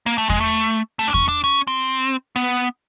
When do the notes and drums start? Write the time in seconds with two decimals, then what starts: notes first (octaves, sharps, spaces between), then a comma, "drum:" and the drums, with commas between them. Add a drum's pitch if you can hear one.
0.06 A#3
0.18 A3
0.29 G#3, drum: kick E2
0.40 A3
0.99 A3
1.08 D4
1.14 C#4, drum: kick E2
1.29 D4
1.44 C#4
1.67 C4
2.36 B3